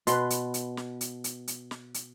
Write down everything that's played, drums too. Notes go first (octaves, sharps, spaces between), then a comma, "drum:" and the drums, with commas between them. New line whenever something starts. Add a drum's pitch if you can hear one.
B2 B4 C6, drum: hi-hat
drum: hi-hat
drum: hi-hat
drum: snare
drum: hi-hat
drum: hi-hat
drum: hi-hat
drum: snare
drum: hi-hat